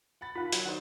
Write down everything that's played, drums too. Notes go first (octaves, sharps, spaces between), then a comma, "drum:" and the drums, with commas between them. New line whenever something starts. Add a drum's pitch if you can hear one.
F#5 B5 A6
D#2 F4 F#5 B5
F#3, drum: hi-hat
D#3 D4 D#4 C5 F#5